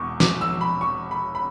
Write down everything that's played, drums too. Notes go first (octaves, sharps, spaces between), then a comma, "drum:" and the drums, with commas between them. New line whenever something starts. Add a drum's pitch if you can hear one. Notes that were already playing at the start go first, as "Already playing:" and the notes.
Already playing: E1 E2 C#6 D6
D6, drum: snare
E6
B5
C#6
B5
B5